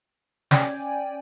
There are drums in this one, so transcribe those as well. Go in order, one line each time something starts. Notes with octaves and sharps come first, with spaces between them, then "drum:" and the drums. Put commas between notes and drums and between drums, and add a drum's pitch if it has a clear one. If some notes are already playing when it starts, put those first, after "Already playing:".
C#4 D5 G5 G#5, drum: snare